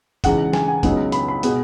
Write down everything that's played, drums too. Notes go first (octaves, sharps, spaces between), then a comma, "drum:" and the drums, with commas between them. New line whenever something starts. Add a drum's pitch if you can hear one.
E1 E2 C#3 G#3 D#4 F#5, drum: kick, hi-hat
G#5, drum: snare
G#5
C#2 C#3 F#3 B3 D#4, drum: kick, hi-hat
B5, drum: hi-hat
B5
B2 G#3 B3, drum: hi-hat